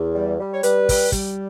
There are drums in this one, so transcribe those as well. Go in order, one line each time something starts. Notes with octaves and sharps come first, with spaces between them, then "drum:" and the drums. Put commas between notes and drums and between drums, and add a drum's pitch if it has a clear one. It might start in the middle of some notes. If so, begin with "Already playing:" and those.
Already playing: E2
G3
G3
C#5
G3 B4, drum: hi-hat
G3, drum: kick, open hi-hat
G3, drum: kick, hi-hat